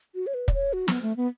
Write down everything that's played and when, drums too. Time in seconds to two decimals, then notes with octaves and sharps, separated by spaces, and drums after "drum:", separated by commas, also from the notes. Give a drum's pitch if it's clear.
0.15 F#4
0.27 C#5
0.34 B4
0.48 D5, drum: kick
0.54 C#5
0.73 F#4
0.88 B3, drum: snare
1.02 A3
1.17 B3